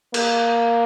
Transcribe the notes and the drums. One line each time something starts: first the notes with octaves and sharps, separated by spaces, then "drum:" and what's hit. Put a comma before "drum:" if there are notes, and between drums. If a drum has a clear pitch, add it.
A#3, drum: cymbal